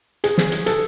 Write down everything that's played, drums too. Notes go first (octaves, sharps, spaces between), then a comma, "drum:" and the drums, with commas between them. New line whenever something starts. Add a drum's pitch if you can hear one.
G#4, drum: hi-hat
drum: snare
drum: hi-hat
A4, drum: hi-hat